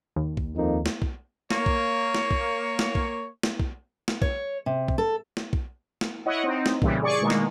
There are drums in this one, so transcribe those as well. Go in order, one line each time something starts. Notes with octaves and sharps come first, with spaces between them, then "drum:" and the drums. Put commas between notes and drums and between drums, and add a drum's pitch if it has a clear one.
D#2
drum: kick
F2 A#3 D#4
drum: snare
drum: kick
A#3 C#5, drum: snare
drum: kick
drum: snare
drum: kick
drum: snare
drum: kick
drum: snare
drum: kick
drum: snare
C#5, drum: kick
C3
drum: kick
A4
drum: snare
drum: kick
drum: snare
E4 C#5 D#5 F#5
C4 D#4
drum: snare
A#2 C#3 E3 G3, drum: kick
G#4 D5 C#6 D6
B2 D#3 G#3 A#3
drum: snare